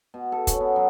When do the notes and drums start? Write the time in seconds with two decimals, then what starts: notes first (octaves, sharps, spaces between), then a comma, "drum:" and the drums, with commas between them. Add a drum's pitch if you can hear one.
0.14 B2
0.32 A4
0.47 C#4, drum: kick, hi-hat
0.60 B3
0.76 F#3